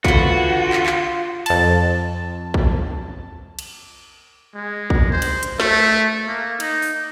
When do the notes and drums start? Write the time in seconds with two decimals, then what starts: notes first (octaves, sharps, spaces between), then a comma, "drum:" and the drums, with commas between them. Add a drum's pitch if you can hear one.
0.04 D3 E3 F4 F#4, drum: kick A#1
0.73 drum: clap
0.86 drum: clap
1.46 F2 A5, drum: cymbal
2.54 drum: kick A#1
3.59 drum: cymbal
4.55 G#3
4.90 drum: kick A#1
5.12 C5
5.22 drum: cymbal
5.43 drum: hi-hat
5.60 A3, drum: snare
6.28 A#3
6.60 D#4, drum: cymbal
6.82 drum: open hi-hat